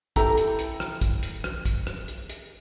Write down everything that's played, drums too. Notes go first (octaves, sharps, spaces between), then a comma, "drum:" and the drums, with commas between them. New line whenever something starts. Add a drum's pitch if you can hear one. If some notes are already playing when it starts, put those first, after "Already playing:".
E4 G4 A4 A#5, drum: kick, hi-hat
drum: hi-hat
drum: hi-hat
drum: rim click
drum: kick, hi-hat
drum: hi-hat
drum: rim click
drum: kick, hi-hat
drum: rim click
drum: hi-hat
drum: hi-hat